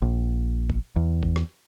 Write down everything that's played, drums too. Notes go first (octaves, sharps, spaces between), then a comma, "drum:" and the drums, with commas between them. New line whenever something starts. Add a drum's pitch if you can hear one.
A#1
drum: kick
E2
drum: kick
drum: rim click